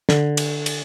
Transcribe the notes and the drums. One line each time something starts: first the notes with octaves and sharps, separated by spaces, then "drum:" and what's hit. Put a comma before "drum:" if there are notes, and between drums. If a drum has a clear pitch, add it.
D3, drum: snare
drum: cymbal
drum: cymbal